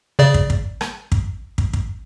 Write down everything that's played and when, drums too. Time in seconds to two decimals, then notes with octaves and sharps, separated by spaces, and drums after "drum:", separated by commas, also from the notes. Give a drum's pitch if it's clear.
0.19 C#3 D5
0.34 drum: kick
0.50 drum: kick
0.81 drum: rim click
1.12 drum: kick
1.58 drum: kick
1.73 drum: kick